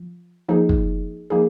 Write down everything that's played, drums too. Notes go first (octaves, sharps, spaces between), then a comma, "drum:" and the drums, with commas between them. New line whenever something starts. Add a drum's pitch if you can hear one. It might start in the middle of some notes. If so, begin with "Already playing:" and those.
Already playing: F3
F3 A#3 D#4 G#4
drum: kick
F3 A#3 D#4 G#4